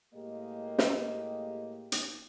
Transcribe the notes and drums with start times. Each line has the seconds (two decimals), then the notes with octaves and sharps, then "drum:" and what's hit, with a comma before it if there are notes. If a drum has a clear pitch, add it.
0.14 A2 G#3 A#3 G4 D#5
0.78 drum: snare
1.92 drum: hi-hat